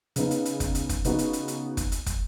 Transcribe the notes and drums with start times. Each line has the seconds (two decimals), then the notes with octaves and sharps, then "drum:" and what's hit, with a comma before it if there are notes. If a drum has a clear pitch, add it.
0.16 C#3 B3 D#4, drum: hi-hat
0.31 drum: hi-hat
0.45 drum: hi-hat
0.60 drum: kick, hi-hat
0.75 drum: hi-hat
0.89 drum: kick, hi-hat
1.05 C#3 B3 D#4 F#4 B4, drum: hi-hat
1.19 drum: hi-hat
1.33 drum: hi-hat
1.48 drum: hi-hat
1.77 drum: kick, hi-hat
1.92 drum: hi-hat
2.06 drum: kick, hi-hat